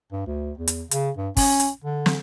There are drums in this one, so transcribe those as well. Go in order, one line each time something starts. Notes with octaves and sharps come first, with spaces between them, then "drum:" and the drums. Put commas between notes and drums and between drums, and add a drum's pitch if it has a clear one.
G2
D2
E2
drum: hi-hat
C#3, drum: hi-hat
G2
C#4, drum: kick, open hi-hat
drum: hi-hat
D3
drum: snare